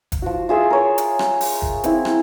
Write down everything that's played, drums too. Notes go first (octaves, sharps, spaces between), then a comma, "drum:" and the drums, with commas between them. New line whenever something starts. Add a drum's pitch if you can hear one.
drum: kick, hi-hat
F3 F#4
F4 G#4 E5
A#4 C#5
drum: hi-hat
drum: rim click
drum: open hi-hat
drum: kick
C4 E4, drum: hi-hat
drum: rim click